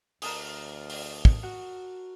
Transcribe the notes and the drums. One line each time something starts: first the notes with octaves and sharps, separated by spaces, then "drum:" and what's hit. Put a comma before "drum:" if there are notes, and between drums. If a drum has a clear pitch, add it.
D2 A#4 A5 D#6, drum: open hi-hat
drum: open hi-hat
drum: kick
F#4